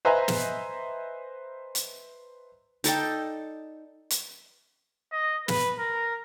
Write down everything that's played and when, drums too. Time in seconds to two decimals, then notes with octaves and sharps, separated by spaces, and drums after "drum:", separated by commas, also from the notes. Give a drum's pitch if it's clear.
0.05 B4 C5 D#5 E5 G#5 A#5
0.28 drum: snare
1.75 drum: hi-hat
2.84 D#4 A4 D5 G5, drum: hi-hat
4.10 drum: hi-hat
5.11 D#5
5.48 B4, drum: snare
5.79 A#4